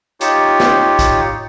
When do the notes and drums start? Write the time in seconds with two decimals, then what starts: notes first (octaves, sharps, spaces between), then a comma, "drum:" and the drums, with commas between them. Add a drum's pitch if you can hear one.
0.21 D#4 F4 G4 C#5, drum: hi-hat
0.60 drum: snare
0.99 drum: kick, hi-hat